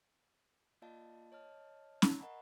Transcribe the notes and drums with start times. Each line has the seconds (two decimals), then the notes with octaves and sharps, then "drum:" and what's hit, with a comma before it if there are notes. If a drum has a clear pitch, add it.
0.82 A#3 F4 D5 D#5 F5 A5
1.32 C#5 D#5 A5 F6
2.02 A#5 C#6, drum: snare C#4
2.20 A#4 D#5 F#5 G#5 B5